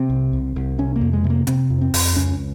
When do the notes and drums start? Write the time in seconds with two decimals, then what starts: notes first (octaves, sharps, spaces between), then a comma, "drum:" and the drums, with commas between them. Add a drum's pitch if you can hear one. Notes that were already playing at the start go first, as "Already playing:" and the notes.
Already playing: C3 C4
0.10 C2
0.33 C2
0.56 C2
0.78 C3 C#4
0.96 A#3
1.01 F2
1.13 G#3
1.24 C3
1.30 A#3
1.47 C3 C4, drum: hi-hat
1.70 F2
1.81 C4
1.94 F2, drum: open hi-hat
2.16 C#2 C#4